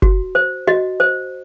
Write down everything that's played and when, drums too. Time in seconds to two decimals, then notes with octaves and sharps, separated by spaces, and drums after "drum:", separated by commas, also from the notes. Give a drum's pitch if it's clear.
0.02 F#4, drum: kick F#1
0.35 C5
0.67 F#4 D#5
1.00 C5